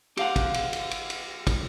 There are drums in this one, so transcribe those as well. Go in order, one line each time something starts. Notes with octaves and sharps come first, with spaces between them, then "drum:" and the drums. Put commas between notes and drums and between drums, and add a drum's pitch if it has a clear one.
G4 F5 F#5, drum: cymbal
drum: kick, cymbal
drum: cymbal
drum: cymbal
drum: cymbal
drum: cymbal
drum: kick, cymbal